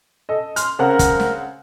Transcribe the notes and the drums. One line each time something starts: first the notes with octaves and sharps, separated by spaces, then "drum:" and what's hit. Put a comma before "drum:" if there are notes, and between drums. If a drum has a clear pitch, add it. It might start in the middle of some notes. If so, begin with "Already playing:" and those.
A4 D#5
C6 F6, drum: hi-hat
C#3 C4 A#4 F#5
drum: kick, hi-hat
drum: snare